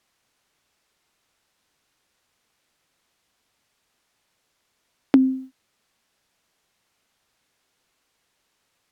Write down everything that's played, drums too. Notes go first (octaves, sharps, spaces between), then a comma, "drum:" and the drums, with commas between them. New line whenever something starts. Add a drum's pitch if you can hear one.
G3
F#2 C#3
D3 A3
F#4 B4
drum: tom C4
F2 G#3 A3 C4 C#4 A4
C#4 B4 F#5 G#5